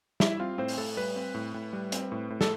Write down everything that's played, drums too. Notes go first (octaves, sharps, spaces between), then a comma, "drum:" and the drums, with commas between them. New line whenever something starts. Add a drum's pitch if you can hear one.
G3 E4 E5, drum: snare
C4 F4 F5
A2 C4 C5
drum: open hi-hat
A2 A4
G3 B4
C4
A2
A2
G3
C4, drum: hi-hat
A2
A2
A4, drum: snare